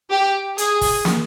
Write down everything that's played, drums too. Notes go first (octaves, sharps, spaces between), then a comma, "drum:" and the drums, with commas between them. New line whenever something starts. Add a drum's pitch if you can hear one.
G4
G#4, drum: hi-hat
drum: kick, open hi-hat
drum: snare